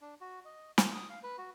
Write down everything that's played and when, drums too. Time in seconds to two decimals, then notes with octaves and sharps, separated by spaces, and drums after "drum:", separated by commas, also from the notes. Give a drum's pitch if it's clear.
0.01 D4
0.21 F#4
0.45 D#5
0.78 F4, drum: snare
0.94 D#6
1.10 F5
1.23 B4
1.38 F#4